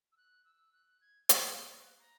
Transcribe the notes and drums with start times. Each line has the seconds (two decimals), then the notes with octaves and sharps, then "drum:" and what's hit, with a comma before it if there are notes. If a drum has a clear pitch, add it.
0.12 E6
0.17 F#6
0.45 E6
0.72 F#6
1.01 G#6
1.29 G#6, drum: hi-hat
1.57 F#6
1.99 A#5